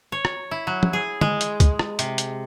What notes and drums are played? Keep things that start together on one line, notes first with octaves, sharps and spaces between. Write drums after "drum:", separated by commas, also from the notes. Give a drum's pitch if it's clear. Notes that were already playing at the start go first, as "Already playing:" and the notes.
C#5
drum: rim click
E4
F#3
drum: tom F3
G#4
G#3, drum: tom
drum: hi-hat
drum: kick, hi-hat
drum: rim click
C3, drum: hi-hat
drum: hi-hat